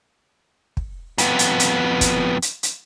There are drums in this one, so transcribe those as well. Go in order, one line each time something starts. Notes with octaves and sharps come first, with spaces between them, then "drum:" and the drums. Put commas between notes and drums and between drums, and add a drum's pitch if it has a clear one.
drum: kick
F2 B3, drum: hi-hat
drum: hi-hat
drum: hi-hat
drum: kick, hi-hat
drum: hi-hat
drum: hi-hat